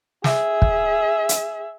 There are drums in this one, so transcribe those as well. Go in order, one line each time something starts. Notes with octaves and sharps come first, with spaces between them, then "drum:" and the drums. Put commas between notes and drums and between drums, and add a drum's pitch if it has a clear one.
G#4 E5, drum: snare
drum: kick
drum: hi-hat